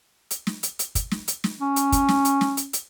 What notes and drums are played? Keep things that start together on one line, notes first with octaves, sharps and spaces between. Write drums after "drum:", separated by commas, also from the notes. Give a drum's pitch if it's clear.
drum: hi-hat
drum: snare
drum: hi-hat
drum: hi-hat
drum: kick, hi-hat
drum: snare
drum: hi-hat
drum: snare
C#4
drum: hi-hat
drum: kick, hi-hat
drum: snare
drum: hi-hat
drum: snare
drum: hi-hat
drum: hi-hat